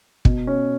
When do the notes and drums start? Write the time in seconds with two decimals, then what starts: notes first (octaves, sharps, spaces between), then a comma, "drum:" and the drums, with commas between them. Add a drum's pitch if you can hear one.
0.25 B2, drum: kick
0.47 C#4